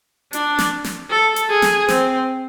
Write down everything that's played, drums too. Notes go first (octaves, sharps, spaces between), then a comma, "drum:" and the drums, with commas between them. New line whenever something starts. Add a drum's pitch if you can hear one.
D4, drum: hi-hat
drum: snare
drum: snare
A4
drum: hi-hat
G#4
drum: snare
C4, drum: snare